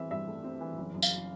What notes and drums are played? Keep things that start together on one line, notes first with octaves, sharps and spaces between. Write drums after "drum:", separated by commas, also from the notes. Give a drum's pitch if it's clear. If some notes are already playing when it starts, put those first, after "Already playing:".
Already playing: E3 C4 E5
G2 E5
A3
C4
E3
F#1
F#2
F5, drum: tambourine